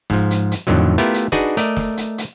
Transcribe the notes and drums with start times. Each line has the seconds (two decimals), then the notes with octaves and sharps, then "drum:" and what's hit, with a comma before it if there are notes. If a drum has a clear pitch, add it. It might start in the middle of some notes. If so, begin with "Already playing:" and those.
0.10 G#2 F3, drum: snare
0.31 drum: hi-hat
0.51 drum: hi-hat
0.67 F2 A2 D3 D#3 F#3
0.98 A3 B3 E4 F4 G4 A#4
1.14 drum: hi-hat
1.32 D4 D#4 F#4 G#4 B4 D5, drum: snare
1.57 A3 A#4 D5 D#5, drum: hi-hat
1.77 drum: snare
1.97 drum: hi-hat
2.18 drum: hi-hat